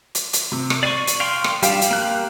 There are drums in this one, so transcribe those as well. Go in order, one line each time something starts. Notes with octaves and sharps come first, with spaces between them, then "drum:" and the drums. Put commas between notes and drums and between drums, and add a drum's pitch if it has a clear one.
drum: hi-hat
drum: hi-hat
C3
drum: rim click
D5 C#6 C7 D#7
drum: hi-hat
F5 G5 C6
drum: rim click
G3 D4 G4 F5, drum: hi-hat
drum: hi-hat
A#3 F#6